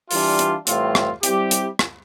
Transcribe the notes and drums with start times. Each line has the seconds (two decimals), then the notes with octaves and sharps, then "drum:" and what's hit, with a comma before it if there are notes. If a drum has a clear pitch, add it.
0.11 E3 G3 D4 F4, drum: open hi-hat
0.39 drum: hi-hat
0.67 A2 E3 G3 C4 F4, drum: hi-hat
0.95 drum: rim click
1.23 G3 C4 E4 G4, drum: hi-hat
1.51 drum: hi-hat
1.79 drum: rim click